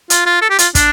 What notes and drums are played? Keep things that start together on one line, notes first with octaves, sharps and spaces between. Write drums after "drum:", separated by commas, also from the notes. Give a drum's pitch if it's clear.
F4, drum: hi-hat
F4
A4
G4
F4, drum: hi-hat
D4, drum: kick, hi-hat